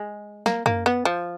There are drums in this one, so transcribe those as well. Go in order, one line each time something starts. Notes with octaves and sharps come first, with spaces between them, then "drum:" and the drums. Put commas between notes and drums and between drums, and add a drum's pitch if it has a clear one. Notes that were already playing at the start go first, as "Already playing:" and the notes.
Already playing: G#3
A#3, drum: snare
A#3, drum: tom F#2
B3
F3